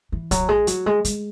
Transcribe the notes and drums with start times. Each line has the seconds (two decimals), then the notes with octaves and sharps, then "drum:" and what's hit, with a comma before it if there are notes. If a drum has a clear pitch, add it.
0.12 E3
0.31 F#3, drum: kick A#1, hi-hat
0.49 G#3
0.67 F#3, drum: hi-hat
0.86 G#3
1.05 G#3, drum: hi-hat